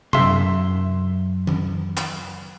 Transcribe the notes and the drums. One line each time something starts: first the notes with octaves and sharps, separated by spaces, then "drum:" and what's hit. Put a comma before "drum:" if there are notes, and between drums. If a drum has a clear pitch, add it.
F#2 E5 C6, drum: tom C3
drum: tom D#3
drum: clap